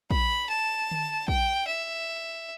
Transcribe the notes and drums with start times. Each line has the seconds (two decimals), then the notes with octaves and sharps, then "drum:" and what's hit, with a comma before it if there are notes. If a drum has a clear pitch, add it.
0.11 B5, drum: kick A#1
0.49 A5
0.91 drum: tom D3
1.28 G5, drum: kick A#1
1.68 E5